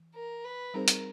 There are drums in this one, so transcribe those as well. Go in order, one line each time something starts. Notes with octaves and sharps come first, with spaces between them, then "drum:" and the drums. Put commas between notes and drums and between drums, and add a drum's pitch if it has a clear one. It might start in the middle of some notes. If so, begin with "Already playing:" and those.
Already playing: E3
A#4
B4
G3 C4 D#4 G#4 A#4 C5
drum: hi-hat